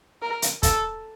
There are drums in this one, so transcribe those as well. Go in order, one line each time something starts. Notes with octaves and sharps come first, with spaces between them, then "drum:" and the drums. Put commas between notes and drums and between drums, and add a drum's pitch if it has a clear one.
A#4
drum: hi-hat
A4, drum: kick, hi-hat